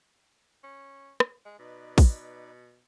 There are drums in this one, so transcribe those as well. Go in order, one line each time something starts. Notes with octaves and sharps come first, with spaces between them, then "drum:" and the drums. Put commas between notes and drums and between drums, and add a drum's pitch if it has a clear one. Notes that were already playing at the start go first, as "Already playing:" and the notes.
C#4
drum: rim click
G#3
B2 D#4 B4 D5
drum: kick, open hi-hat